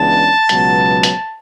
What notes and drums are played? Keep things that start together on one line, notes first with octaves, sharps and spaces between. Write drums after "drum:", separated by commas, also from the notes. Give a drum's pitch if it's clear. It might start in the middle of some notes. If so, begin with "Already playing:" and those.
Already playing: C#2 C#3 E3 B3 D4 A5
C#2 B2 F#3 B3, drum: hi-hat
drum: hi-hat